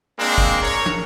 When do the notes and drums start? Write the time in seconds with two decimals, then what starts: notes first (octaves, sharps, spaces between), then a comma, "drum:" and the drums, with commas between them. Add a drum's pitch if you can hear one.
0.18 G#3 A#3 C4 D4
0.38 drum: kick
0.62 A#4 C#5
0.86 drum: tom